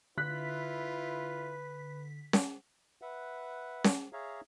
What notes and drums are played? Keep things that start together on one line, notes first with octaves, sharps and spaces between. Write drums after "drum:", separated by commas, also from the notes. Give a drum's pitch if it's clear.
D3 E4 F4 B4 F#6 B6
drum: snare C#4
B4 E5 F#5
drum: snare C#4
G#4 C#5 E5 F5 A#5